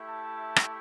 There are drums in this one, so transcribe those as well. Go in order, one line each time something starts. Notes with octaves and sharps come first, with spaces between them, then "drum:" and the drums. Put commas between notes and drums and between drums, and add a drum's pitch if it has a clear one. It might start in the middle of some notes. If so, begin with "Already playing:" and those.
Already playing: A3 E4 G4
A5
drum: rim click